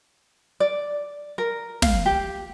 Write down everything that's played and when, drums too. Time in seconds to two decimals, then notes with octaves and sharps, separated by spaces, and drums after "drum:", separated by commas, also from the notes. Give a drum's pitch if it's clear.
0.60 D5
1.38 A#4
1.82 F5, drum: snare
2.06 G4